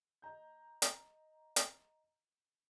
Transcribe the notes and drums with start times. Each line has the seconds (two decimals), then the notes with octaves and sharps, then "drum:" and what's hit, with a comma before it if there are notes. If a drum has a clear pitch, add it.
0.22 D#5 A#5 G6
0.82 drum: hi-hat
1.56 drum: hi-hat